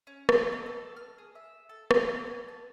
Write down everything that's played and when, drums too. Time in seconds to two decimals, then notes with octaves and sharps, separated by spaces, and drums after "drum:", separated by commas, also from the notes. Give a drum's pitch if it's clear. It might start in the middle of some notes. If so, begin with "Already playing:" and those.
0.07 C#4
0.29 D4, drum: rim click
0.52 D#4
0.66 A4
0.96 F6
1.18 G#4
1.35 E5
1.69 A4
1.91 F#5, drum: rim click
2.27 G#5
2.48 A5